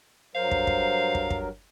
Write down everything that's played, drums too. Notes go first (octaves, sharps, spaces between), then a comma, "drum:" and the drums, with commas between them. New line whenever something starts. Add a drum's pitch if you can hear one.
G2 F#3 A#4 C5 F5
drum: kick
drum: kick
drum: kick
drum: kick